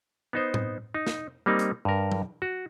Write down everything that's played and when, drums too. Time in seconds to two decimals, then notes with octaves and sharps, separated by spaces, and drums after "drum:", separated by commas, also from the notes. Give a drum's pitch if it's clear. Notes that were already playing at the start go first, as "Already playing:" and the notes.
0.33 B3 D#4 C5
0.54 drum: tom A2
0.94 D#4
1.07 drum: snare
1.46 G3 A#3 C4 D#4
1.59 drum: hi-hat
1.85 G2 A#4
2.12 drum: tom F#3
2.42 F#4